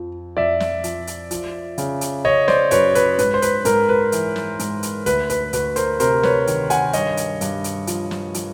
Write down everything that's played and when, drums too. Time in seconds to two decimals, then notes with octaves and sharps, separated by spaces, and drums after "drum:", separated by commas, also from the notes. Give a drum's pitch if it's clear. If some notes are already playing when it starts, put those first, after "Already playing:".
Already playing: F2 F3
0.36 F2 D5 E5
0.60 drum: snare
0.84 F3, drum: hi-hat
1.07 drum: hi-hat
1.31 F3, drum: hi-hat
1.78 C#3, drum: hi-hat
2.01 drum: hi-hat
2.25 C#3 C#5 D#5
2.48 C5 D5, drum: snare
2.71 F#2 B4 C#5, drum: hi-hat
2.95 B4, drum: hi-hat
3.19 G#2 B4, drum: hi-hat
3.34 C5
3.42 B4, drum: hi-hat
3.65 G#2 A#4, drum: hi-hat
3.89 B4
4.12 E3, drum: hi-hat
4.36 drum: snare
4.59 G#2, drum: hi-hat
4.83 drum: hi-hat
5.06 D2 B4, drum: hi-hat
5.30 B4, drum: hi-hat
5.53 D2 B4, drum: hi-hat
5.76 A#4 C5, drum: hi-hat
6.00 C3 A#4 C5, drum: hi-hat
6.23 B4 C#5, drum: snare
6.47 D#3, drum: hi-hat
6.70 F#5 G#5, drum: hi-hat
6.93 G2 C#5 D#5, drum: hi-hat
7.17 drum: hi-hat
7.41 G2, drum: hi-hat
7.64 drum: hi-hat
7.87 F3, drum: hi-hat
8.11 drum: snare
8.34 F3, drum: hi-hat